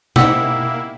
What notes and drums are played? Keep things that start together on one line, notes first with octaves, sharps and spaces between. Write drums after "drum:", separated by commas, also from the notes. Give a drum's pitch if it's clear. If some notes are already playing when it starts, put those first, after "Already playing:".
A#3 C4 D#4 E4 G4 F#5 E6, drum: tom B2